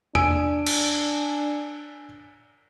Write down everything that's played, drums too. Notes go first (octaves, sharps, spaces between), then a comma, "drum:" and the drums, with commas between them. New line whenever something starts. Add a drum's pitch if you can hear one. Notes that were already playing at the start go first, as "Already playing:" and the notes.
D4 G#5 E6 D7, drum: tom E2
drum: cymbal